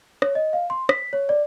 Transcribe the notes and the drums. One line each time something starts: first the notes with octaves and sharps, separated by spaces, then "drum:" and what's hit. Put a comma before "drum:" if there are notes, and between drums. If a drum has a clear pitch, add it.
C#5, drum: rim click
D#5
F5
C6
B6, drum: rim click
C#5
D5